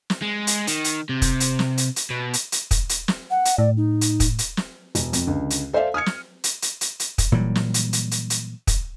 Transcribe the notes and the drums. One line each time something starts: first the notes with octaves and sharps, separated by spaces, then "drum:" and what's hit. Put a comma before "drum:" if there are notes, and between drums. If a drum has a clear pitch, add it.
drum: snare
G#3
drum: hi-hat
D#3, drum: hi-hat
drum: hi-hat
C3
drum: kick, hi-hat
drum: hi-hat
drum: snare
drum: hi-hat
drum: hi-hat
B2
drum: hi-hat
drum: hi-hat
drum: kick, hi-hat
drum: hi-hat
drum: snare
F#5
drum: hi-hat
A2 D5
D#4
drum: hi-hat
drum: kick, hi-hat
drum: hi-hat
drum: snare
E1, drum: hi-hat
F2, drum: hi-hat
C#2 D3
drum: hi-hat
A4 C5 D5 E5 F5
D#6 F6 G#6 C#7
drum: snare
drum: hi-hat
drum: hi-hat
drum: hi-hat
drum: hi-hat
drum: kick, hi-hat
A#2 E3 F#3 G3
drum: snare
drum: hi-hat
drum: hi-hat
drum: hi-hat
drum: hi-hat
drum: kick, hi-hat